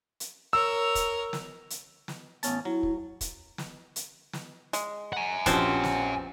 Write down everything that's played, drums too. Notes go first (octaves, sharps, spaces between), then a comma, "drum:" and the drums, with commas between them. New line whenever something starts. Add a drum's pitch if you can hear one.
drum: hi-hat
A#4 C#5 E6
drum: kick, hi-hat
drum: snare
drum: hi-hat
drum: snare
A1 B3 C#4 A5, drum: hi-hat
F#3 E4
drum: kick
drum: kick, hi-hat
drum: snare
drum: hi-hat
drum: snare
G#3, drum: hi-hat
F#5 G#5
A#1 B2 F3 C4 C#4 G4, drum: kick, hi-hat
drum: snare